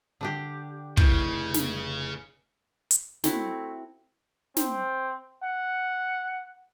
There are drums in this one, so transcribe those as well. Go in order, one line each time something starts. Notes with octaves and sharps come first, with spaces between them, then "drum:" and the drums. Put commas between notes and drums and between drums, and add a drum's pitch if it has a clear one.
D3 D4 G4
F1 C#3 E3 G6, drum: kick
drum: snare
drum: hi-hat
A3 C4 E4 F#4, drum: snare
C4, drum: snare
F#5